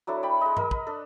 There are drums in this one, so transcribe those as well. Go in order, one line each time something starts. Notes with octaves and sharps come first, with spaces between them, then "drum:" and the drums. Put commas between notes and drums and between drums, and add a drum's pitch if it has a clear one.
F#3 D4 E4 A4
D5 G5 B5
G#3 D#5
A#4 D#5, drum: tom G2
B4, drum: kick
D4 A4